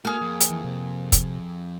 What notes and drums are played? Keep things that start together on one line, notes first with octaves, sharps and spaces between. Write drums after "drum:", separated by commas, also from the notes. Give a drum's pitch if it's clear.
A#3 F#4 G#4 A4 F6
F2
drum: hi-hat
E3
C3
drum: kick, hi-hat